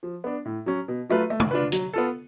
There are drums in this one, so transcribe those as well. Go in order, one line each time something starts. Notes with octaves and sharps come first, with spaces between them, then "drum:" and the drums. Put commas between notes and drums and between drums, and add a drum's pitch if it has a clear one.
F3
B3 D4
A2
F#3 C#4
B2
F#3 A3 F4 B4
A3
drum: tom
D4 F4 B4
F#3, drum: hi-hat
B3 F4 A4